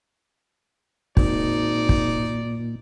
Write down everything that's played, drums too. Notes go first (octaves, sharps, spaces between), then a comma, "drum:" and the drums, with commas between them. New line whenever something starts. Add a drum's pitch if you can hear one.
G#1 A#2 D#4 D5, drum: kick
drum: kick